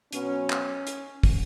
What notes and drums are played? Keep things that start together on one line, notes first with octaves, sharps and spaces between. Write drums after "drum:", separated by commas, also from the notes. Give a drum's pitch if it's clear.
B2 F#3 B3 C#4, drum: hi-hat
drum: clap
drum: hi-hat
drum: kick, open hi-hat